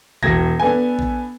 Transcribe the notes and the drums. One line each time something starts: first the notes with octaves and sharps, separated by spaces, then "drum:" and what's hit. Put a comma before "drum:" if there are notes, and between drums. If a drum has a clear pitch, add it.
E1 G#6 A#6, drum: kick
B3 D4 A4 B4 G#5
drum: kick